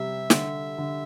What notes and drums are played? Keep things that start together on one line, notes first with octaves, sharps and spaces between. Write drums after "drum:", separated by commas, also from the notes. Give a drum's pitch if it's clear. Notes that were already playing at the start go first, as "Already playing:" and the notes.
Already playing: C3 G3 E5
D3, drum: snare
D3